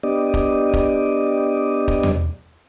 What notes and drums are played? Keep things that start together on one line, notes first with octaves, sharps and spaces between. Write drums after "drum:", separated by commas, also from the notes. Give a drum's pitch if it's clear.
B3 D4 G4 D5 D#5
drum: kick
drum: kick
drum: kick
drum: tom E2